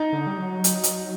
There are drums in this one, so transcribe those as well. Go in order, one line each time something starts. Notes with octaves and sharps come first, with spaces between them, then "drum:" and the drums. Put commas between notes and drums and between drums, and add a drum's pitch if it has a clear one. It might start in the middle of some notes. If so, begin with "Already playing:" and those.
Already playing: D#4
D3
G3
F#3
drum: hi-hat
drum: hi-hat